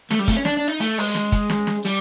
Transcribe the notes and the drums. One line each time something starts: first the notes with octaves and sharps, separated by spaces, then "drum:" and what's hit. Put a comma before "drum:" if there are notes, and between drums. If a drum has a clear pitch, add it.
A3, drum: snare
G3
A3, drum: kick, hi-hat
C#4
D4, drum: snare
D4
D#4
A3, drum: hi-hat
G#3, drum: open hi-hat
drum: snare
drum: kick, hi-hat
drum: snare
drum: snare
G3, drum: hi-hat